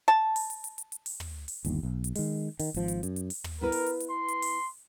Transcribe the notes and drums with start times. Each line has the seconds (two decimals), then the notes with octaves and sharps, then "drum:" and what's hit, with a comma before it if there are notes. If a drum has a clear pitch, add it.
0.08 A5
0.36 drum: open hi-hat
0.50 drum: hi-hat
0.64 drum: hi-hat
0.78 drum: hi-hat
0.92 drum: hi-hat
1.06 drum: open hi-hat
1.20 drum: tom
1.48 drum: open hi-hat
1.65 G1 D#2, drum: hi-hat
1.83 B1
2.04 drum: hi-hat
2.16 D#3 G#3, drum: open hi-hat
2.60 D#3, drum: open hi-hat
2.74 G#1 F3, drum: hi-hat
2.88 drum: hi-hat
3.03 F#2, drum: hi-hat
3.16 drum: hi-hat
3.30 drum: open hi-hat
3.44 drum: tom
3.61 B3 E4 A#4 B4
3.72 drum: open hi-hat
3.86 drum: hi-hat
4.00 drum: hi-hat
4.11 C6
4.28 drum: hi-hat
4.42 drum: open hi-hat